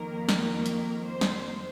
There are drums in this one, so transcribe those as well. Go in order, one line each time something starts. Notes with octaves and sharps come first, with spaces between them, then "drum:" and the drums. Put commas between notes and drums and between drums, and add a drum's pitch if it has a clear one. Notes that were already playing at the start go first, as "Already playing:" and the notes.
Already playing: F2 D#3 A#3 A#4
drum: snare
A#4
drum: hi-hat
C5
drum: snare